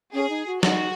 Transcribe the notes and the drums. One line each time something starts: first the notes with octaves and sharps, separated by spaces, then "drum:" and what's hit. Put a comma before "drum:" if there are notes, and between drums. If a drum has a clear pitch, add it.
C#4 G#4
D#4
F#4
D#4 F#4, drum: snare